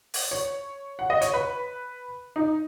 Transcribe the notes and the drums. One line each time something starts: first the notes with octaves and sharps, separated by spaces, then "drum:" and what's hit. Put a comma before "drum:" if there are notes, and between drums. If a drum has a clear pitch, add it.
drum: open hi-hat
C#5
F#5
D#5
C#5, drum: hi-hat
B4
D#4